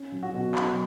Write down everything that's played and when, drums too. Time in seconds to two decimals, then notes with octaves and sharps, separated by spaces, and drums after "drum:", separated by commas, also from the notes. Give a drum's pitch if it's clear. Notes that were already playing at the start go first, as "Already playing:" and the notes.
Already playing: C#4
0.12 F#3
0.23 F#4
0.34 B2
0.55 F#3, drum: clap